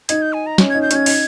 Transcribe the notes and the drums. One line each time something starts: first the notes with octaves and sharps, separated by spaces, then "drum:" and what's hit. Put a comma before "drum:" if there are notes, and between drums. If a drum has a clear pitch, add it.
D#4 G#6, drum: hi-hat
G6
G#5
A#5
C#4, drum: snare
D#4 G#6
G6
C#4 G#6, drum: hi-hat
D#4, drum: open hi-hat